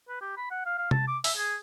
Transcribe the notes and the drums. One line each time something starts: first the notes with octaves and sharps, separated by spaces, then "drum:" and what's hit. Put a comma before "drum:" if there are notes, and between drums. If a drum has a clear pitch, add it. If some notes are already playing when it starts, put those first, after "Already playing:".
B4
G4
B5
F#5
F5
F5
A5, drum: tom C3
D6
E5, drum: open hi-hat
G#4